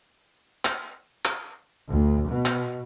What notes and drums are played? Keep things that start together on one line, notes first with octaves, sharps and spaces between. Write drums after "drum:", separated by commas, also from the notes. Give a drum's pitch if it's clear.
drum: clap
drum: clap
D2
B2
drum: clap